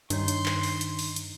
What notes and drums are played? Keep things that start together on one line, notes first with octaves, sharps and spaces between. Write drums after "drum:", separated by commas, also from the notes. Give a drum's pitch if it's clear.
G2 D#3 D4 C#5 C6, drum: hi-hat
drum: hi-hat
drum: clap
drum: open hi-hat
drum: hi-hat
drum: open hi-hat
drum: hi-hat